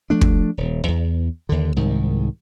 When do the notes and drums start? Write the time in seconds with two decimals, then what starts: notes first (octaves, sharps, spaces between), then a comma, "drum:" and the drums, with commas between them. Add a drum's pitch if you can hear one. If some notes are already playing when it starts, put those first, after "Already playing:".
0.10 F3 A3 D4
0.21 drum: kick
0.57 D#1
0.88 E2
1.49 D#2 D3
1.76 C2 G#2 D#3